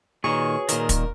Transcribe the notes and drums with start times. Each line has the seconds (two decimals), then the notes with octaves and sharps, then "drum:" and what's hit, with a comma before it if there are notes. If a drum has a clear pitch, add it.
0.24 A#2 D#3 F#4 G#4 B4 C#5 C#6
0.69 A#2 D#3 A#4, drum: hi-hat
0.89 drum: kick, hi-hat